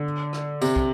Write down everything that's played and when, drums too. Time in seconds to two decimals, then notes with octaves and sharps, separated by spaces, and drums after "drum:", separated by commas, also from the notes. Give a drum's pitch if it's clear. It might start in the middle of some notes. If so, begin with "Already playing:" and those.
Already playing: D3
0.33 drum: rim click
0.61 C3, drum: tambourine
0.76 drum: kick